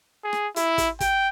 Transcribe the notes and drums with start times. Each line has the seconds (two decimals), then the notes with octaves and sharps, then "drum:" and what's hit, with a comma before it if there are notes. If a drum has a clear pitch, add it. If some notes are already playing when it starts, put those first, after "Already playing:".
0.24 G#4
0.33 drum: rim click
0.56 E4, drum: hi-hat
0.78 drum: kick, hi-hat
1.00 G5, drum: kick, hi-hat